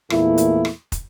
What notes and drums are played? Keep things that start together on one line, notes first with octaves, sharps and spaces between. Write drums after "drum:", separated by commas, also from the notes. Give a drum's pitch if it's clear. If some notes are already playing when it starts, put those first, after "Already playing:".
E2 A#2 A3 A#3 E4, drum: rim click
drum: hi-hat
drum: rim click
drum: kick, hi-hat